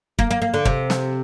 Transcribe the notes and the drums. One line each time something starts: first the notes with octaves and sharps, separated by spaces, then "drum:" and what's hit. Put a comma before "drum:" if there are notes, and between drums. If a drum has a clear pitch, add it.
A#3, drum: kick
A#3
A#3
D3
C3, drum: kick
drum: snare